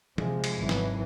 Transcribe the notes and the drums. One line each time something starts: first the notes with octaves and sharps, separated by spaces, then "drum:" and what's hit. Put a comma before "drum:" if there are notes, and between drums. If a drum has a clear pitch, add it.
C3 F3 G#3, drum: tom E3
drum: cymbal
G#1 E3 F#3
drum: snare